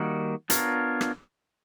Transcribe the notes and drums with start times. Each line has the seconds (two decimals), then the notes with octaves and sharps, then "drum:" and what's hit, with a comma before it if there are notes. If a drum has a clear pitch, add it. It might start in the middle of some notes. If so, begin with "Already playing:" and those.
Already playing: D#3 G3 A#3 D#4 F#4
0.50 B3 D4 F4 A#4 C#5, drum: hi-hat
1.01 drum: rim click